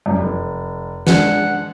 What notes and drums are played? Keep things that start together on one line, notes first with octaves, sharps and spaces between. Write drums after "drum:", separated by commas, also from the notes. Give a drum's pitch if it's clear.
F#2 E3 G3
F1
G#3 D4 F#5, drum: snare